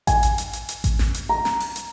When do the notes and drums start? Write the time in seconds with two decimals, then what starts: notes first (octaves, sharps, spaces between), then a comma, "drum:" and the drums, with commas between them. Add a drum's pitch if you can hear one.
0.07 G#5, drum: kick A1, hi-hat
0.23 drum: hi-hat
0.38 drum: hi-hat
0.53 drum: hi-hat
0.69 drum: hi-hat
0.84 drum: kick A1, hi-hat
0.99 drum: snare
1.14 drum: hi-hat
1.29 A#5
1.45 drum: snare
1.60 drum: open hi-hat
1.76 drum: hi-hat